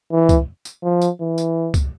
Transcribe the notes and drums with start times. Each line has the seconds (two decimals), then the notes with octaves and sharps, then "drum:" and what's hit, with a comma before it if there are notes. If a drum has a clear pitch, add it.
0.12 E3
0.29 drum: kick C#2, tambourine
0.65 drum: tambourine
0.84 F3
1.02 drum: tambourine
1.20 E3
1.38 drum: tambourine
1.74 drum: kick C#2, tambourine